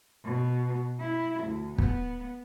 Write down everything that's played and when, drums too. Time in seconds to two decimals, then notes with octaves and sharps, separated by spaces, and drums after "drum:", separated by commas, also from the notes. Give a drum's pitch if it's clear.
0.25 B2
1.00 E4
1.44 D2
1.78 B3, drum: kick